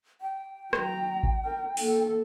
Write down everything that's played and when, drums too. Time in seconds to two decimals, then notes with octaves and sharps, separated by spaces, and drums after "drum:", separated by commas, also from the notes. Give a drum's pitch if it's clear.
0.21 G5
0.73 F#3 A#5, drum: rim click
1.23 drum: kick G#1
1.45 A#4
1.77 A#3 A4, drum: open hi-hat